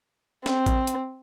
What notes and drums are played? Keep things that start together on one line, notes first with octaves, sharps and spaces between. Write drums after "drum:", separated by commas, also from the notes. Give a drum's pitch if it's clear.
C4, drum: snare
drum: kick A1, hi-hat
drum: hi-hat